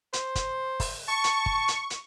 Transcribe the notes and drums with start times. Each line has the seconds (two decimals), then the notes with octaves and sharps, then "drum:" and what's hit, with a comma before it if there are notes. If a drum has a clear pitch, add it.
0.13 C5, drum: hi-hat
0.35 drum: kick G1, hi-hat
0.80 drum: kick G1, open hi-hat
1.08 A5 C#6
1.24 drum: hi-hat
1.46 drum: kick G1
1.68 drum: hi-hat
1.90 drum: hi-hat